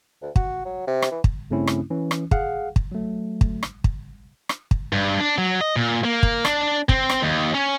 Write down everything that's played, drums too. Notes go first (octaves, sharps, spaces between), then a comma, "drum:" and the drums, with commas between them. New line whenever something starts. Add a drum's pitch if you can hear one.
D2
F#4, drum: kick
F#3
C3
drum: rim click
E3
drum: kick
G2 C#3 A3 C4 C#4 E4
drum: rim click
E3 C#4
drum: rim click
G#4 F5 F#5, drum: kick
drum: kick
F#3 A3
drum: kick
drum: rim click
drum: kick
drum: rim click
drum: kick
G2
D4
F#3
D#5
A#2
A#3
drum: kick
D4, drum: rim click
C4, drum: kick
drum: rim click
D#2
C#4